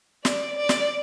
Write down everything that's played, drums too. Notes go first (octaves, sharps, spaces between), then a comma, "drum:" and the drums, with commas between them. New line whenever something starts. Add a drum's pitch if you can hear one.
D5, drum: snare
D5
drum: snare